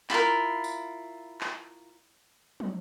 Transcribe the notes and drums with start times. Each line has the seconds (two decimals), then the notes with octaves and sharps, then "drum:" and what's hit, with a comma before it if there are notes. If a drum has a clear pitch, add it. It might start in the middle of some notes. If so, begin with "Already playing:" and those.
0.10 E4 F4 G#4 A#4, drum: clap
0.64 drum: tambourine
1.41 drum: clap
2.60 drum: tom